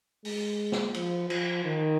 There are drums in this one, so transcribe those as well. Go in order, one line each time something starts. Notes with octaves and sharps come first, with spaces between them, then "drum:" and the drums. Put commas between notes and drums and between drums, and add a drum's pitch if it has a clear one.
G#3, drum: open hi-hat
drum: snare
F3, drum: cymbal
F3, drum: cymbal
D#3